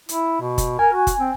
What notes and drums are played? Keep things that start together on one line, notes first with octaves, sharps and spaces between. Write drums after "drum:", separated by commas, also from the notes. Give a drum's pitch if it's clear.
E4, drum: hi-hat
B2
drum: kick F#1, hi-hat
A#4 G#5
F#4
drum: kick F#1, hi-hat
C4